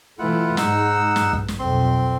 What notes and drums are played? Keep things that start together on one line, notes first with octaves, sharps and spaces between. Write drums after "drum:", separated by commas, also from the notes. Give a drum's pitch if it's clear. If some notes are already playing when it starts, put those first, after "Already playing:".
E3 A3 E4 F4 F#5
G#2 G#3 D#4 F#5 E6, drum: snare
G2, drum: snare
drum: kick
drum: snare
B1 F2 C4 C6